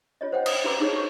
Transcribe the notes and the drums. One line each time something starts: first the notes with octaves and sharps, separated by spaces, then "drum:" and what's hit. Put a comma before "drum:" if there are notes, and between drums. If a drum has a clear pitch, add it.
F4 C#5 D#5
C5 F#5 G5
D#6, drum: cymbal
E4 F#4 B4 A#5 D6 E6
D#4 G#4 C#5
C#6